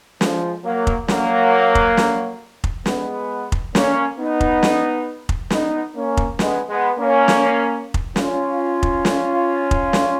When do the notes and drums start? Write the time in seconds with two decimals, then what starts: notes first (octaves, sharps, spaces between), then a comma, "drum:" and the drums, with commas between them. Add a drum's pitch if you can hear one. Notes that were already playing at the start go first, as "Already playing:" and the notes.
0.21 F3 G#3, drum: snare
0.64 F#3 A#3
0.87 drum: kick F1
1.08 F#3 A#3, drum: snare
1.75 drum: kick F1
1.97 drum: snare
2.64 drum: kick F1
2.86 G#3 B3, drum: snare
3.52 drum: kick F1
3.75 A#3 C#4, drum: snare
4.18 B3 D#4
4.41 drum: kick F1
4.63 drum: snare
5.29 drum: kick F1
5.50 B3 D#4, drum: snare
5.95 A#3 C#4
6.17 drum: kick F1
6.39 G#3 B3, drum: snare
6.68 G#3 B3
6.98 A#3 C#4
7.28 drum: snare
7.94 drum: kick F1
8.16 C#4 F4, drum: snare
8.83 drum: kick F1
9.05 drum: snare
9.71 drum: kick F1
9.93 drum: snare